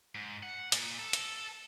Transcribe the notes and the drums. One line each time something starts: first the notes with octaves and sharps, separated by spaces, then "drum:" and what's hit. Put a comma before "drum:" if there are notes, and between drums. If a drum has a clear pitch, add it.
G#2
F#5
A#2, drum: hi-hat
A4
drum: hi-hat